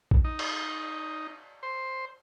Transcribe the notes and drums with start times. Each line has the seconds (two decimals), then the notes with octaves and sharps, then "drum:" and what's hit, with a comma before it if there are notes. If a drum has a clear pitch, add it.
0.11 drum: kick A#1
0.24 D#4
0.39 drum: cymbal
1.63 C5